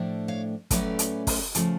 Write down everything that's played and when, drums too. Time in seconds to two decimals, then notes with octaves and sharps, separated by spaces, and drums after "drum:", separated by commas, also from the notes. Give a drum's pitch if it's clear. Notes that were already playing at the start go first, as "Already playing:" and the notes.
Already playing: A2 F3 A3 D4
0.28 C#5 F5
0.71 A2 F#3 A3 C#4 B4 D5, drum: kick, hi-hat
0.99 drum: hi-hat
1.27 drum: kick, open hi-hat
1.55 C#3 F3 A3, drum: hi-hat